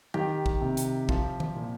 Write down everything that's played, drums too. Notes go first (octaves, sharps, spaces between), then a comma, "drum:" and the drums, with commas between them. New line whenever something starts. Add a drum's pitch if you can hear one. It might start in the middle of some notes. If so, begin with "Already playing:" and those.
D#3 G4, drum: tom F#3
drum: kick A#1
C3
drum: hi-hat
F3, drum: kick A#1
drum: tom D#3
A#2